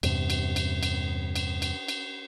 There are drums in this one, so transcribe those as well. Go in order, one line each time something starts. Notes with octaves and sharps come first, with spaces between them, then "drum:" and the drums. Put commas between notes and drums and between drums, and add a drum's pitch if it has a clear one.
E2 G2 C3, drum: cymbal
drum: cymbal
drum: cymbal
drum: cymbal
drum: cymbal
drum: cymbal
drum: cymbal